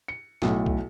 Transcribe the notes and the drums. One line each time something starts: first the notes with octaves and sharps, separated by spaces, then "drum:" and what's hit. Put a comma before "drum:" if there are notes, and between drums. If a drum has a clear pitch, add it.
C#7
B1 A2, drum: snare
drum: kick